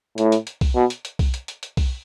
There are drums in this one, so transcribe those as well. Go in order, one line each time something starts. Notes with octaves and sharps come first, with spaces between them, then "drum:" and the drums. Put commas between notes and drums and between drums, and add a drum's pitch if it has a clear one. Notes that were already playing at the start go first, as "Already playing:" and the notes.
A2, drum: hi-hat
drum: hi-hat
drum: hi-hat
drum: kick B1, open hi-hat
B2
drum: hi-hat
drum: hi-hat
drum: kick B1, open hi-hat
drum: hi-hat
drum: hi-hat
drum: hi-hat
drum: kick B1, open hi-hat